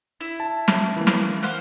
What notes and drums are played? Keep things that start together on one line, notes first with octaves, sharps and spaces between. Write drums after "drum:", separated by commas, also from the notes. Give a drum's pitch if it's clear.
E4
A5
drum: snare
E3 A#3
drum: snare
C5 F5 F#5